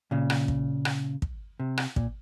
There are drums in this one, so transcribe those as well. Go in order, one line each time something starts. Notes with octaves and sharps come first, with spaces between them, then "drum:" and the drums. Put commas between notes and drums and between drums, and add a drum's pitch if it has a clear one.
A#2 C#3
drum: rim click
drum: kick
drum: rim click
drum: kick
C3
drum: rim click
A#2, drum: kick